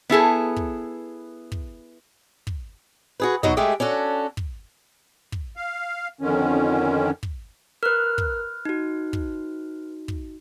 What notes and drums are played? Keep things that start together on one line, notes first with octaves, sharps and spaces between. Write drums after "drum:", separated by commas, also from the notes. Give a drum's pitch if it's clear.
B3 E4 G#4 A4
drum: kick
drum: kick
drum: kick
F#4 G#4 B4
B2 F#3 D#4 F#4 D#5, drum: kick
G#3 A3 G4 G#4 E5
C#4 D4 F#4 A4
drum: kick
drum: kick
F5
F2 D3 D#3 C#4
drum: kick
A#4 B4 F6 F#6
drum: kick
D#4 F#4
drum: kick
drum: kick